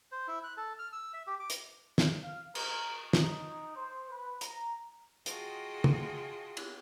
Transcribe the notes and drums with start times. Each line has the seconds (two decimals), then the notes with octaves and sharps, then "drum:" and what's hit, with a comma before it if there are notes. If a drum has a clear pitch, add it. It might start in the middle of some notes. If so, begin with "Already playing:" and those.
0.12 C5
0.28 E4
0.44 F#6
0.57 A4
0.79 F6
0.93 E6
1.13 E5
1.27 G4
1.40 D6
1.50 drum: hi-hat
1.98 drum: snare
2.24 F5
2.55 A#4, drum: cymbal
3.13 D#4, drum: snare
3.76 C5
4.09 B4
4.41 A#5, drum: hi-hat
5.26 F4 F#4 G#4 D#5 G5 A5, drum: hi-hat
5.84 drum: tom
6.57 drum: cymbal